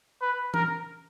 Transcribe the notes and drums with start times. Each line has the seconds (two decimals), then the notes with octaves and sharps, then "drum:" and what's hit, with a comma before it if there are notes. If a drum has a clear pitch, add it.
0.22 B4
0.54 A#4, drum: tom E3